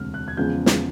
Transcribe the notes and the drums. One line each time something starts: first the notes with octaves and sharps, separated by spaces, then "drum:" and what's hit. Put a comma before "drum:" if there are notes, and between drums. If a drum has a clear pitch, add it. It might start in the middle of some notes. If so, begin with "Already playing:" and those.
Already playing: E1 D2 C3 F6
F#6
G#6
E2 C#3 F3 G#3 G6
drum: snare